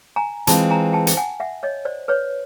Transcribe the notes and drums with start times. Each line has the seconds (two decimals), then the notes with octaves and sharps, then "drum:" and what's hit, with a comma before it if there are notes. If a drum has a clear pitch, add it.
0.16 G#5 A#5
0.47 E3 G#3 C4 F4 A5 B5, drum: hi-hat
0.70 G#5 A#5
0.93 G5 A5
1.07 G5, drum: hi-hat
1.17 F#5 G#5
1.40 E5 F#5
1.63 C#5 D#5
1.85 C5 D5
2.08 B4 C#5